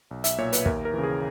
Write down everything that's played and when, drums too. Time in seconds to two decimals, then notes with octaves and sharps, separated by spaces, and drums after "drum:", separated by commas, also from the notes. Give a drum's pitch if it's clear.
0.11 B1
0.24 E5, drum: hi-hat
0.38 A#2 C#5
0.53 B4, drum: hi-hat
0.66 D#2 A#4, drum: kick
0.85 A#4
0.94 C#3 E3
1.03 G#4